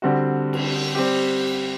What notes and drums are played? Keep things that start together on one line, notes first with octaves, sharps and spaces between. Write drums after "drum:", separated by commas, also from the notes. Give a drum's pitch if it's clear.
D3 G3 C4 F#4
drum: cymbal
G3 C4 G4